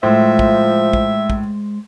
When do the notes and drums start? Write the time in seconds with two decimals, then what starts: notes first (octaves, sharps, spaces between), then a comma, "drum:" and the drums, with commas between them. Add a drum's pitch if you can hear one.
0.03 A2 F3 G#3 C5 E5
0.39 drum: kick
0.93 drum: kick
1.30 drum: kick